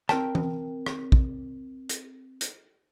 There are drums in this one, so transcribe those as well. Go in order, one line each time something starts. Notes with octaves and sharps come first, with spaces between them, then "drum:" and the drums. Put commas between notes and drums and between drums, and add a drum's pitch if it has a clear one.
C4 A#4 G5 A5, drum: rim click
drum: tom E3
drum: rim click
drum: kick
drum: hi-hat
drum: hi-hat